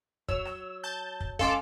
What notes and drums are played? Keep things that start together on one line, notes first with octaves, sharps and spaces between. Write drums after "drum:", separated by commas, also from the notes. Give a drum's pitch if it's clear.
F#3 C#5 E6, drum: kick
drum: rim click
A5 G6
drum: kick
G#3 C#4 A4 F5 C6 D6, drum: kick